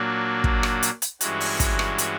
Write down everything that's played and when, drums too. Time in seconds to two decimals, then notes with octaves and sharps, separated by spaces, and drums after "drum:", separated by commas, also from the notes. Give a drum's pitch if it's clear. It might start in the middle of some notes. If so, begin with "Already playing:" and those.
Already playing: A#2 F#3 A#3 D4 F#4
0.44 drum: kick
0.63 drum: rim click
0.82 drum: hi-hat
1.02 drum: hi-hat
1.21 G2 E3 G#3 C#4 F#4, drum: hi-hat
1.40 drum: open hi-hat
1.60 drum: kick, hi-hat
1.79 drum: rim click
1.98 drum: hi-hat